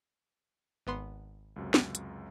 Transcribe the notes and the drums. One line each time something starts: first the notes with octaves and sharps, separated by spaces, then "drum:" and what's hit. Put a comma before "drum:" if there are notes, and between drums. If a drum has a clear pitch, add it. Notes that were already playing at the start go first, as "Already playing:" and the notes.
G#1 B3 C6
C#2 F#2 C3
drum: snare
drum: hi-hat